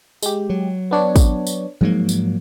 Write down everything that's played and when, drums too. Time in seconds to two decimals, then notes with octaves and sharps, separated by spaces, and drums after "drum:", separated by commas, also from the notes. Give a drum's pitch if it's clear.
0.23 G#3 G4, drum: tambourine
0.50 F#3
0.91 B3 D4 C#5
1.16 drum: kick, tambourine
1.47 drum: tambourine
1.81 G#2 F3 F#3 A#3
2.09 drum: tambourine